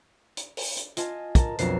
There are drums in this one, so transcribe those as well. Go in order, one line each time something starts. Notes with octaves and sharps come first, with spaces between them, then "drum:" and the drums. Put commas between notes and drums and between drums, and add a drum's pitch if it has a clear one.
drum: hi-hat
drum: open hi-hat
drum: hi-hat
F4 D#5 G#5 A5, drum: hi-hat
A#4 A5, drum: kick, hi-hat
B1 F2 D4 A#4 C7 E7, drum: hi-hat